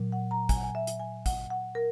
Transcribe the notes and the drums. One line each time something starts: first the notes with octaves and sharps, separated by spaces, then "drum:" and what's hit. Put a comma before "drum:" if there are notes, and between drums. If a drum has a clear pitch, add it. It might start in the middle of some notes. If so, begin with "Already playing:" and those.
Already playing: A#2 F#3
F#5
A#5
G#5, drum: kick, hi-hat
F#5
G#5
E5
drum: hi-hat
G#5
F#5, drum: kick, hi-hat
F#5
A#4